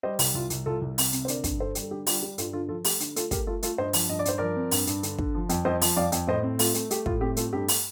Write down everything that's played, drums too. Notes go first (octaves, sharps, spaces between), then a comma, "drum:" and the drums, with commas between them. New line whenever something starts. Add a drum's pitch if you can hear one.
G3 C5 D#5
C2, drum: open hi-hat
C2 F4
C2, drum: hi-hat
C2 F4 A4
C2
C3, drum: open hi-hat
C3, drum: hi-hat
C5
D3 A#4 D5, drum: hi-hat
G2, drum: kick, hi-hat
D3 A4 C5
G3, drum: hi-hat
A4
D3 G4
G3 F4, drum: open hi-hat
G3 G4
G2 F4 A4, drum: hi-hat
D3 F4 A4
F3 F4 A4
A3 G4, drum: open hi-hat
D3, drum: hi-hat
A3 F4 A4, drum: hi-hat
A3 G4 A#4, drum: kick, hi-hat
A3 F4 A4
A3 F4 A4, drum: hi-hat
G2 C5 D#5
F3, drum: open hi-hat
G2 D#5
D5
G2 C5, drum: hi-hat
F3 A#4 D5
C4
G2, drum: open hi-hat
G2, drum: hi-hat
D3, drum: hi-hat
D3, drum: kick
F3
F2, drum: hi-hat
F2 C5 D#5
F3, drum: open hi-hat
F2 D5 F5
F2, drum: hi-hat
A2 C5 D#5
C4
A3 F4, drum: open hi-hat
A3, drum: hi-hat
A3 G4, drum: hi-hat
A2 F4, drum: kick
C4 G4
A3 F4 A4, drum: hi-hat
G2 G4
drum: open hi-hat